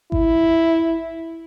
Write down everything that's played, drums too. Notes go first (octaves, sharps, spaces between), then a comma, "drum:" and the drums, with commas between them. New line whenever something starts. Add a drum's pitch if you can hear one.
E4, drum: kick G#1